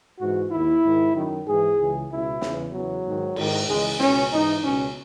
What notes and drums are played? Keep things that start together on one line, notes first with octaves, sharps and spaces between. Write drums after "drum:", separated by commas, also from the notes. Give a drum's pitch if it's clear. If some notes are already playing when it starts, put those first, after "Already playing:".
G#2 E3 F#4
D#2 D#3 E4
G#2 D#3
F#2 D#3
G#2 E3 G#4
C#2 C#3 E3
C#2 B2 E4
E2 C#3 E3, drum: snare
E2 C#3 E3 F#3
G#2 D#3
G#2 D#3, drum: cymbal
C#2 C#3 E3 G#3
C#2 B2 C#4, drum: snare
G#2 E3 D#4
C#2 B2 C#4